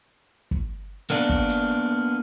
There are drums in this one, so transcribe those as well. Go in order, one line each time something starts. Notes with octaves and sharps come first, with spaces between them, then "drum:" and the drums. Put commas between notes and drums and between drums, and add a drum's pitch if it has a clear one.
drum: kick
A#3 B3 D4, drum: hi-hat
drum: kick
drum: hi-hat